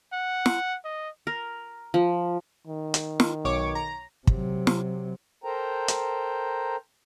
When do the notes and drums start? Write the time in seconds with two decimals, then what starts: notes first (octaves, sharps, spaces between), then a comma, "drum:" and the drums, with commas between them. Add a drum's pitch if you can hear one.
0.13 F#5
0.46 drum: snare
0.84 D#5
1.27 A#4
1.94 F3
2.67 D#3
2.94 drum: hi-hat
3.20 drum: snare
3.45 B1 C#5 D6
3.75 A#5
4.27 C3 F#3, drum: kick
4.67 drum: snare
5.44 A4 A#4 C5 G5 A#5
5.88 drum: hi-hat